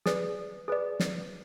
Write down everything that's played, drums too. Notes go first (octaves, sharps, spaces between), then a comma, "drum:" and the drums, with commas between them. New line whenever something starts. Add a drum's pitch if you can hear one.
G#4 B4 D5, drum: snare
G#4 B4 D5
drum: snare